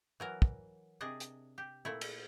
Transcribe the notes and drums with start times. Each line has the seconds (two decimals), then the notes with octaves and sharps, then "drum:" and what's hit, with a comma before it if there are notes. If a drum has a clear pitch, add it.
0.20 E3 F#3 A#4
0.42 drum: kick
1.01 C3 D4 G#4 D#5
1.20 drum: hi-hat
1.58 G4
1.85 A#2 A3 E4
2.01 drum: cymbal